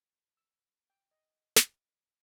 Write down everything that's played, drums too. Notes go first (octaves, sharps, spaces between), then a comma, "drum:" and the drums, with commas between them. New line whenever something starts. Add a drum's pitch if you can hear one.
E6
G5
D#5
drum: snare